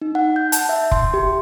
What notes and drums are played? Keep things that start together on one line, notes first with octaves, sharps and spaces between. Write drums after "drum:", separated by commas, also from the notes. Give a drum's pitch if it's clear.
D#4
F#5
G6
A5, drum: hi-hat
E5
C6, drum: kick F1
G4